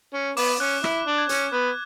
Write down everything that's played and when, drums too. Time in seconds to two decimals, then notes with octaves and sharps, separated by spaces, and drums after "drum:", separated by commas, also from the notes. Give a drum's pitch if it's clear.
0.14 C#4
0.37 B3 D6, drum: open hi-hat
0.60 C#4 F#6
0.84 E4, drum: rim click
1.06 D4
1.18 G#6
1.29 C#4, drum: hi-hat
1.53 B3 F#6